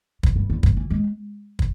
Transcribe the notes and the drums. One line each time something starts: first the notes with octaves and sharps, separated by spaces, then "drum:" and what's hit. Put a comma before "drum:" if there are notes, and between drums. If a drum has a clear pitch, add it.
E3, drum: kick
G2
E2
G2, drum: kick
E3
G#3
drum: kick